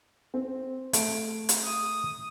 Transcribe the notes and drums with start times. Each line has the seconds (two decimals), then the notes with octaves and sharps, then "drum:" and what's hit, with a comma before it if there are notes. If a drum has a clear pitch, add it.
0.34 C4
0.93 A3 D7, drum: hi-hat
1.49 drum: hi-hat
1.65 D#6